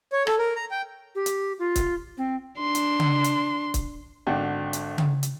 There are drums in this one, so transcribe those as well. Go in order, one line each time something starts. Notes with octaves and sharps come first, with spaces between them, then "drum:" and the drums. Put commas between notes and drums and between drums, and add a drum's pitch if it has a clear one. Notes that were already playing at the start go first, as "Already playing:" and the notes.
C#5
A4, drum: rim click
A#4
A#5
G5
G4
drum: hi-hat
F4
drum: kick C#1, hi-hat
C4
D4 C6
drum: hi-hat
drum: tom C#3
drum: hi-hat
drum: kick C#1, hi-hat
G#1 D3 D4 F#4 G5
drum: hi-hat
drum: tom C#3
drum: hi-hat